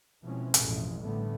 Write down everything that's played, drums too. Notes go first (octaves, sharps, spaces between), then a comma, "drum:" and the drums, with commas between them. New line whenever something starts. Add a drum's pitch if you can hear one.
B2 E3 F3 G#3 C4 C#4
A1 F2 B2 G#3, drum: hi-hat
A2 D3 G3 A3 B3